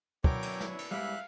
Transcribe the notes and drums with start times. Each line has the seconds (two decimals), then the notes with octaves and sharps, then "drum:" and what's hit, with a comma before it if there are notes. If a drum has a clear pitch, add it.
0.24 F#2 B3 D4 E4 A#4 C#5 G5 D6, drum: kick
0.42 drum: cymbal
0.60 drum: snare
0.79 drum: cymbal
0.91 G#2 G3 E5 F5 F#6